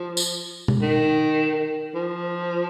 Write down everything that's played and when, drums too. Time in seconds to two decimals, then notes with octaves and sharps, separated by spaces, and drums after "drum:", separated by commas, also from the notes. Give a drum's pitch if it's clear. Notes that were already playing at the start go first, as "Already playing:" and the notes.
Already playing: F3
0.17 drum: tambourine
0.68 drum: tom B2
0.82 D#3
1.95 F3